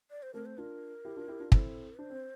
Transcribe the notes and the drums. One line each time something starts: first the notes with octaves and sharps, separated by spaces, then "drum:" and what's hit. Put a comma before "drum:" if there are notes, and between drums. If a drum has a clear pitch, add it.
D5
C5
A3 C4 A#4
C5
D4 F4 A#4
E4 G4
D4 F4
E4 G4
D4 F4
C4 E4 A4, drum: kick
D4 C5
C4